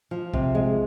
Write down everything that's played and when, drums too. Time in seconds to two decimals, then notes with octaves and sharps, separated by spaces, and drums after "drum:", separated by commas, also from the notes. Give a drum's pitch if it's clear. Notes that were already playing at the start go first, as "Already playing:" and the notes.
0.11 F3
0.34 C3, drum: kick A#1
0.55 G#3